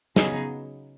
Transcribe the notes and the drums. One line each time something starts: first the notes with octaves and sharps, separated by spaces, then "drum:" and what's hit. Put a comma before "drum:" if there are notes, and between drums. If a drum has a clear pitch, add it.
C#3 F#3 B3 D#4 G#4, drum: snare